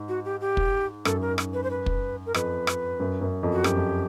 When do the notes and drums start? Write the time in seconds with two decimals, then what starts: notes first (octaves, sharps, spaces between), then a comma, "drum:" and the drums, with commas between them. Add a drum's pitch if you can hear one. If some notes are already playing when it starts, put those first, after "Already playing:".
Already playing: G#2
0.09 F#4
0.25 G4
0.41 G4
0.57 drum: kick
1.05 F#2 A4, drum: rim click
1.21 A#4
1.38 drum: rim click
1.54 B4
1.63 C5
1.71 B4
1.86 drum: kick
2.26 A#4
2.34 F2 B4, drum: rim click
2.67 drum: rim click
3.00 F#2
3.21 F#2
3.43 F2
3.53 F#4
3.64 F#2 G4, drum: rim click
3.76 F2